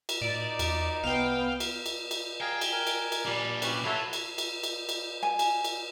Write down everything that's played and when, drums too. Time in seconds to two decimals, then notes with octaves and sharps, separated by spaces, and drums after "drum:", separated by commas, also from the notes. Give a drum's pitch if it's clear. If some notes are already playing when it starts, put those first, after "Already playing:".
0.09 drum: cymbal
0.21 A2 D#4 D5
0.59 E2, drum: cymbal
1.04 C2 B3 F5 G5
1.60 drum: cymbal
1.86 drum: cymbal
2.11 drum: cymbal
2.41 G#4 F5 G5 A#5
2.61 drum: cymbal
2.72 A#4 G#5
2.87 drum: cymbal
3.12 drum: cymbal
3.25 A#2 G3 D4
3.62 C#4 G4 B4, drum: cymbal
3.84 F#3 E4 F4 A4
4.13 drum: cymbal
4.38 drum: cymbal
4.63 drum: cymbal
4.89 drum: cymbal
5.23 G#5
5.39 drum: cymbal
5.64 drum: cymbal